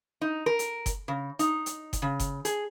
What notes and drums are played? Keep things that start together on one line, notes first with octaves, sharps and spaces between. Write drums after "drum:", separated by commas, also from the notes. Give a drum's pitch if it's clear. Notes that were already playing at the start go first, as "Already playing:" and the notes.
D#4
A#4
drum: hi-hat
drum: kick F#1, hi-hat
C#3
D#4, drum: hi-hat
drum: hi-hat
drum: kick F#1, hi-hat
C#3
drum: kick F#1, hi-hat
G#4, drum: hi-hat